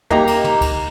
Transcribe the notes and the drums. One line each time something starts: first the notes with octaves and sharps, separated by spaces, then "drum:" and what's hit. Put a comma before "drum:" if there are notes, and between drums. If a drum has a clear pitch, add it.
A#3 D#4 G4 A#5, drum: tom
drum: cymbal
drum: tom
drum: kick C#2, cymbal